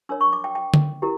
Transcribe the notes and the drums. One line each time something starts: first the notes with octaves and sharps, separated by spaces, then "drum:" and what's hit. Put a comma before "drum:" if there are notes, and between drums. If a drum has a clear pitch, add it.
D4 A#4 C#5 E6
C#6
D6
G5
G5
drum: tom
E4 G4 A#4